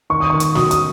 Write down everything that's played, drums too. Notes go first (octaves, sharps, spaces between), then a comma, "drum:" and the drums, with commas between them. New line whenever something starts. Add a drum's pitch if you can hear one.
D#3 C#6
D#6
D#3 C#6
drum: hi-hat
F#3 D#6, drum: snare
D#6, drum: hi-hat